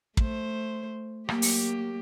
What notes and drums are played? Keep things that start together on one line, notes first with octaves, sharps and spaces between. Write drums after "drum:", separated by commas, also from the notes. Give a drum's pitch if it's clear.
A3 C5, drum: kick
F#3 A#3 G4, drum: rim click
drum: open hi-hat